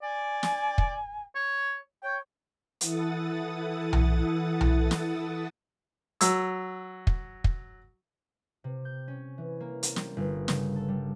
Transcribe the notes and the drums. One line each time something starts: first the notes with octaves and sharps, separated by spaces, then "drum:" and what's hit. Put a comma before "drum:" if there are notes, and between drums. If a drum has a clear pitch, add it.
D5 G#5
drum: snare
drum: kick
C#5
C#5 G5
E3 E4 A4 F#5 D#6 A6, drum: hi-hat
drum: tom B1
drum: tom B1
drum: snare
F#3 E6, drum: hi-hat
drum: kick
drum: kick
C3
G6
C#4
E3
A#3
C4, drum: hi-hat
G3, drum: snare
G1
C#3, drum: snare
A4
G3